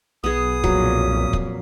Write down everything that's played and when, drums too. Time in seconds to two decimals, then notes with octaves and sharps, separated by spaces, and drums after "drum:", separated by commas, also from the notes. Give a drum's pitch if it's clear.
0.24 B1 B3 G#4 D#6
0.64 F2 A#2 F#3, drum: kick
1.33 drum: kick